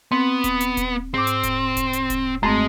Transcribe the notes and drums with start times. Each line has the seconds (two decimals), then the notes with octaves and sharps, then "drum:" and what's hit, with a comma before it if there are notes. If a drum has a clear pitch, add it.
0.12 B3 C4
0.44 drum: kick D#1, hi-hat
0.60 drum: hi-hat
0.77 drum: kick D#1, hi-hat
1.14 G#2 C4 D6
1.27 drum: hi-hat
1.43 drum: kick D#1, hi-hat
1.77 drum: kick D#1, hi-hat
1.93 drum: hi-hat
2.10 drum: kick D#1, hi-hat
2.43 F#2 G#3 A3 C4, drum: kick D#1